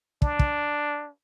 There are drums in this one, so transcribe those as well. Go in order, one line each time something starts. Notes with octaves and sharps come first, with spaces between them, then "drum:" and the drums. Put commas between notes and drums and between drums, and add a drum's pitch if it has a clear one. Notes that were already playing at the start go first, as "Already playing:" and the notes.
D4, drum: kick
drum: kick